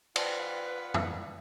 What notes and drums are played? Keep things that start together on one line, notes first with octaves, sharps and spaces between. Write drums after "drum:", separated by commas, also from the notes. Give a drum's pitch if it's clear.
F3 F4 B4 D5 F#5 G5, drum: cymbal
drum: tom F2